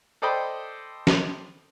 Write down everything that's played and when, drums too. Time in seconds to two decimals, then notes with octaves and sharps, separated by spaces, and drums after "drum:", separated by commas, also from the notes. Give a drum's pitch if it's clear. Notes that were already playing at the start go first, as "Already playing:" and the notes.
0.22 A4 C5 D5 D#5 G5 B5
1.07 drum: snare